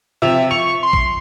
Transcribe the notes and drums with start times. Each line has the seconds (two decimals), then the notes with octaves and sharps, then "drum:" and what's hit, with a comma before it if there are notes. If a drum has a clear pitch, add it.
0.22 C3 F3 E5 F7
0.51 C#6 F7
0.83 C6
0.93 drum: kick